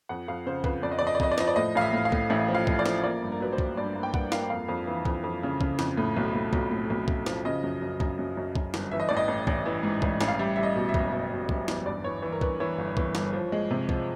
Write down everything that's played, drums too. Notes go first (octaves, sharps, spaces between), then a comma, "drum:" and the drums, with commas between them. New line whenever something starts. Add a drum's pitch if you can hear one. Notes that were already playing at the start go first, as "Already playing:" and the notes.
F2 F#5
F2 F5
C#3 C5
F2 B4, drum: kick C2
F2 D5
D#5
F2 D5
D#5
D5
F2 D#5, drum: kick C2
D5
F3 D#5, drum: snare
D5
A2 D#5
A1 F5
E5
A2
F5
A2, drum: kick C2
A1 E5
F3
F5
F3, drum: kick C2
D5
F3, drum: snare
A#3 D5
G2
A#4
F#3 B4
C5
F#3, drum: kick C2
G2 D5
A#3
G5
G2 F#5, drum: kick C2
A#3 F5, drum: snare
F2 F5
F2
E3
F2, drum: kick C2
F2
C#3
C#3, drum: kick C2
F2, drum: snare
A2
B1
A2
B1, drum: kick C2
A2
B1
A2, drum: kick C2
F3, drum: snare
C#3 D#5
F#2
F#2
F#2, drum: kick C2
F#2
F#2
F#2, drum: kick C2
G1, drum: snare
E3 E5
D#5
A1 D5
D#5
A1
A1, drum: kick C2
E3
G#2
A1, drum: kick C2
A1, drum: snare
F5
G3 E5
G3 E5
D#5
B2
E5
F#1, drum: kick C2
B2 E5
B2
F#1, drum: kick C2
E2, drum: snare
G2 D5
E3 C#5
E3
A#4
G2 B4, drum: kick C2
E3 C#5
G1
E3, drum: kick C2
G1, drum: snare
F3
G#3
C3
F3, drum: kick C2